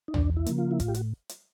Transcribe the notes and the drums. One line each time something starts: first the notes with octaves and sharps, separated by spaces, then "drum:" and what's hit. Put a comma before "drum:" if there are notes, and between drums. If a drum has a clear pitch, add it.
D#4
E2 D4, drum: tom
E4
C#3 F3 A#3, drum: hi-hat
F4
E4
A2 F4, drum: kick, hi-hat
G4
F#4, drum: hi-hat
drum: hi-hat